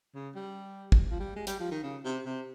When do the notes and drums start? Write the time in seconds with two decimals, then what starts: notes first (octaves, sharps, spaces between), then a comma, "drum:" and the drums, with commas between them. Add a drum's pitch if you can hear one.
0.15 C#3
0.35 G3
0.92 drum: kick
1.10 F3
1.20 G3
1.36 G#3
1.47 G3, drum: hi-hat
1.60 F3
1.71 D#3
1.83 C#3
2.04 C3
2.26 C3